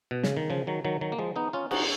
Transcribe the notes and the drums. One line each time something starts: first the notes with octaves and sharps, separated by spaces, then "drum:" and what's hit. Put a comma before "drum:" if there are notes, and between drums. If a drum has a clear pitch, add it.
B2
C#3, drum: snare
D#3
C#3 F3
D#3 F#3
D#3 F#3
D#3 F#3
A#3
F3 G#3
B3 D#4
C#4 F4
D#4 F#4, drum: cymbal